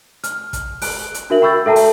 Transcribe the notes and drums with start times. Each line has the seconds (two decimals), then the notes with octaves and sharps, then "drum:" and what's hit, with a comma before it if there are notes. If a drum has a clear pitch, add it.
0.24 F6, drum: hi-hat
0.53 drum: kick, hi-hat
0.82 F#6 D7, drum: open hi-hat
1.14 drum: hi-hat
1.30 D4 F#4 A#4 E5 F#7
1.42 G5 B5 C#6 E6 G6 A6
1.66 A4 E5 G5 A5 A#5
1.76 drum: open hi-hat